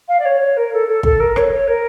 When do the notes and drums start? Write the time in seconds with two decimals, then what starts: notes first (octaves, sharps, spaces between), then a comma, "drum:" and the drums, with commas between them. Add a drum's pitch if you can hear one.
0.08 F5
0.19 D5
0.25 C#5
0.40 C#5
0.56 A#4
0.73 A4
0.87 A4
1.03 A4, drum: kick
1.19 A#4
1.36 C#5, drum: rim click
1.52 C#5
1.67 A#4